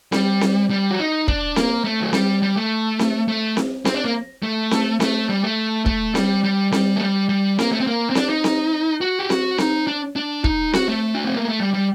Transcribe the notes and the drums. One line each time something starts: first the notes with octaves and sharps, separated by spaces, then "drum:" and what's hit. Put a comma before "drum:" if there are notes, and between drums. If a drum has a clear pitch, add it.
G3, drum: snare C4
drum: snare C4
G3
F#4
D#4
D4, drum: kick
A#3, drum: snare C4
A3
F#3
G3, drum: snare C4
G3
A3
drum: snare C4
A3
drum: snare C4
C4, drum: snare C4
D4
A#3
A3
drum: snare C4
A3, drum: snare C4
G3
A3
A3, drum: kick
G3, drum: snare C4
G3
G3, drum: snare C4
A3
G3
G3
A#3, drum: snare C4
A3
C4
A#3
C4
D4, drum: snare C4
D#4
drum: snare C4
F#4
G4
F#4, drum: snare C4
D#4, drum: snare C4
D4
D4
D#4, drum: kick
F#4, drum: snare C4
A3
D4
C4
A#3
A3
G3
G3